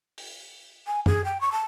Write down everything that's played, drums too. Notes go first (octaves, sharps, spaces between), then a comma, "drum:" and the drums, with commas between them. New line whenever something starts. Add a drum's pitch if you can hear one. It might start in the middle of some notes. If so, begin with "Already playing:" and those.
drum: open hi-hat
G#5
G#4, drum: tom F#2
G5
C#6
A5